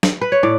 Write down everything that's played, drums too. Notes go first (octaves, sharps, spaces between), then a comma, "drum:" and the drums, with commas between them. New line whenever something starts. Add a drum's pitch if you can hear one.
drum: snare
B4
C#5
A2 D5